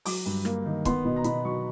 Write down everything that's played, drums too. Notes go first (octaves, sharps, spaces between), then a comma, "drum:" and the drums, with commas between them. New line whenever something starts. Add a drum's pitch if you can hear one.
F#3 D6, drum: open hi-hat
G2
A#3, drum: rim click
D#3
B3 C6, drum: kick, hi-hat
B2
A#5
B2 B5, drum: hi-hat
F#3 C#6